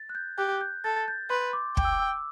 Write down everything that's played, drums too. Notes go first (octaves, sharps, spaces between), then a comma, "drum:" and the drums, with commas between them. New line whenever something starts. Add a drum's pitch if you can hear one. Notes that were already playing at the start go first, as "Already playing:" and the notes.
Already playing: A6
F#6
G6
G4 F#6
F#6
G6
A4 A6
A6
G6
B4 C6
D6
G5 D6, drum: kick
E6
D6
E6